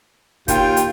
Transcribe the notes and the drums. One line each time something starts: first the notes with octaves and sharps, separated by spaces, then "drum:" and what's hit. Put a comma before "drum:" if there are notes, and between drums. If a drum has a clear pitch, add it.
D#2 F4 G5, drum: kick, hi-hat
drum: hi-hat